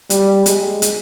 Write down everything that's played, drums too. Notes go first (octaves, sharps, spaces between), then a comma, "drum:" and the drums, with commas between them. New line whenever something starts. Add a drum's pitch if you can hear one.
G3, drum: hi-hat
G#3, drum: hi-hat
drum: hi-hat